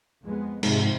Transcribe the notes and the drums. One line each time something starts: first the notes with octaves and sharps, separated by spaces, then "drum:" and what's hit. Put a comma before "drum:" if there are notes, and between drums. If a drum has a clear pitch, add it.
F2 G#3 B3
F2 G#2 C3 F3, drum: cymbal